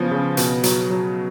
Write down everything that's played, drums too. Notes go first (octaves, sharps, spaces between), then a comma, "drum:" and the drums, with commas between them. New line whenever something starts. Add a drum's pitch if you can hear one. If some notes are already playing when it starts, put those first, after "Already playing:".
Already playing: C#3 F3 B3 C#4
C#3
B2, drum: hi-hat
F#3, drum: hi-hat
F#3